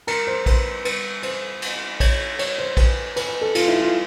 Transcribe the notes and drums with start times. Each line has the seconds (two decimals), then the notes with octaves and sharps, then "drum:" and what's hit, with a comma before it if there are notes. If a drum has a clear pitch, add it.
0.07 A#4, drum: cymbal
0.27 C5
0.46 B4, drum: kick A#1, cymbal
0.85 B4, drum: cymbal
1.23 C5, drum: cymbal
1.62 drum: cymbal
2.00 C#5, drum: kick A#1, cymbal
2.39 C#5, drum: cymbal
2.58 C5
2.77 B4, drum: kick A#1, cymbal
3.16 B4, drum: cymbal
3.28 B4
3.42 A4
3.55 F4, drum: cymbal
3.68 E4
3.80 F4